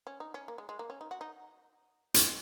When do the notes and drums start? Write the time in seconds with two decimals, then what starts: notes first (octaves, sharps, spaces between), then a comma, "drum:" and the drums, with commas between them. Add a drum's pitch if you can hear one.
0.07 C#4
0.20 D#4
0.34 C#4
0.48 A#3
0.58 G#3
0.69 G#3
0.79 A#3
0.90 C#4
1.01 D#4
1.11 F#4
1.21 D#4
2.14 G#3, drum: hi-hat